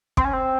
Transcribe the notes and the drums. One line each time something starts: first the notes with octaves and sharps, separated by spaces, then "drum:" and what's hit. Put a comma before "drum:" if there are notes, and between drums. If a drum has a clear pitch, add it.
C4, drum: kick
C#4
C4